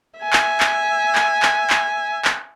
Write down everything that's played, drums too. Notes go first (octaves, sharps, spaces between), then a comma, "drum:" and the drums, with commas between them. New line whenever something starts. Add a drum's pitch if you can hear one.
E5 G#5
drum: clap
drum: clap
drum: clap
drum: clap
drum: clap
drum: clap